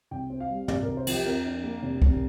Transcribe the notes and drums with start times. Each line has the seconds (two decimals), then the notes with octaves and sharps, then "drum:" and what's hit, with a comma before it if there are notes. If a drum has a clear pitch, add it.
0.11 C2 G5
0.30 C4
0.40 F5
0.50 G3
0.68 C2 D5, drum: tom
0.83 C2 A#4
0.97 C5
1.07 F3 G4, drum: cymbal
1.26 F2 A#4
1.45 D4
1.63 A#3
1.83 F1
2.02 F1, drum: kick